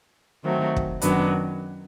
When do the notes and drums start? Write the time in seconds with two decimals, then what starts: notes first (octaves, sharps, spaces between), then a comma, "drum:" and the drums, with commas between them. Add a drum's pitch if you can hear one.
0.44 D#3 F#3 A3 C4
0.76 drum: kick
1.02 F#2 D#3 F#3 B3 D4, drum: hi-hat